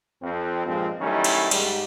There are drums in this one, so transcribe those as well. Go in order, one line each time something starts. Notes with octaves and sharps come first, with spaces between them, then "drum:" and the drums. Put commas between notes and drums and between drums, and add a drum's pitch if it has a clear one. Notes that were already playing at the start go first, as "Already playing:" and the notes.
F2 C4
G2 A#2 F3 G#3 C4
D#3 F#3 G3 A3 C#4 E4
drum: cymbal
G#2 G3, drum: cymbal